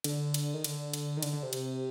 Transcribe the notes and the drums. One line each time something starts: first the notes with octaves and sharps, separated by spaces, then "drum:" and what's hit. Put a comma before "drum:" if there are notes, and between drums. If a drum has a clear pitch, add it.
D3, drum: cymbal
drum: cymbal
D#3
D3, drum: cymbal
drum: cymbal
D#3
D3, drum: cymbal
D3
C3
drum: cymbal